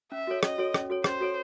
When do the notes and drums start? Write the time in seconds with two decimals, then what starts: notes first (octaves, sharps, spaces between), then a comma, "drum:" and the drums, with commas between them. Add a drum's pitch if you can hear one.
0.12 C#4 E5
0.27 F#4 A4 C#5
0.43 C#4 D#5, drum: rim click
0.58 F#4 A4 C#5
0.74 C#4, drum: rim click
0.90 F#4 A4 C#5
1.04 C#4 C5, drum: rim click
1.21 F#4 A4 C#5